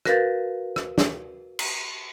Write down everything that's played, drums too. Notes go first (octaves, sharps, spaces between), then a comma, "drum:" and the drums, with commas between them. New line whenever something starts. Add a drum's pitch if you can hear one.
F#4 A#4 B4 F5 G6 A6, drum: rim click
drum: rim click
drum: snare
drum: cymbal